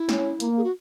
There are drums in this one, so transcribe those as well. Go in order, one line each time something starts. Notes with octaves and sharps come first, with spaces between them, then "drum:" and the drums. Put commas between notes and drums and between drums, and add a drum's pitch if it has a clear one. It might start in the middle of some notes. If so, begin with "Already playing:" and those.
Already playing: E4
C#4, drum: snare
A#3, drum: hi-hat
G#4
F#4